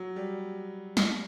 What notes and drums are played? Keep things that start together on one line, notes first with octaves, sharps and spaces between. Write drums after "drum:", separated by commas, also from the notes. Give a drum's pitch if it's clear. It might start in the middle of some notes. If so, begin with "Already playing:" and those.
Already playing: F#3
G3
drum: snare